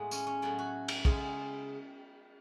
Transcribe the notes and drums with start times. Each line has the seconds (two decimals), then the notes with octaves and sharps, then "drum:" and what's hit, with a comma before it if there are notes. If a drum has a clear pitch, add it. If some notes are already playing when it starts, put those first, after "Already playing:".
Already playing: A2 G#3 B3
0.11 C#4, drum: tambourine
0.27 C#4
0.42 A2 F#3 B3 E4
0.59 F#4
0.88 drum: cymbal
1.05 C#3 G#3 B3, drum: kick